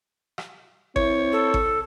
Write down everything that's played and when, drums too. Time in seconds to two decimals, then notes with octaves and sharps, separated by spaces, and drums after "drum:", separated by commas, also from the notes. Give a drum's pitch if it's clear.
0.38 drum: rim click
0.96 C4 E4 C#5, drum: kick G#1
1.32 A4
1.54 drum: kick G#1